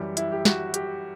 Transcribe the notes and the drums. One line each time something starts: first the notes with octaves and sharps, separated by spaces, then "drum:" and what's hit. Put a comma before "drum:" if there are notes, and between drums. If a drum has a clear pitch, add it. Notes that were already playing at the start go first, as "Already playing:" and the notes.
Already playing: F#2 E3 G3 G4
E4, drum: hi-hat
G4
F#4, drum: snare
G4, drum: hi-hat